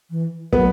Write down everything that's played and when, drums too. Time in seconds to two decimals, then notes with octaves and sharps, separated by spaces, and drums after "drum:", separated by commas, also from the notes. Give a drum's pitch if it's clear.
0.11 E3
0.53 F#3 B3, drum: kick